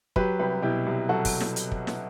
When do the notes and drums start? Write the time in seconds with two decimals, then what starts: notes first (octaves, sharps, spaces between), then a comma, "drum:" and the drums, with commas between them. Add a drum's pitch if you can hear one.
0.16 F#3 G4 B4, drum: kick
0.39 C2 G4 B4
0.62 B2 E4 G4
0.87 C2
1.09 F#3 F#4 A4
1.25 drum: kick, open hi-hat
1.40 drum: snare
1.56 drum: hi-hat
1.72 drum: kick
1.87 drum: snare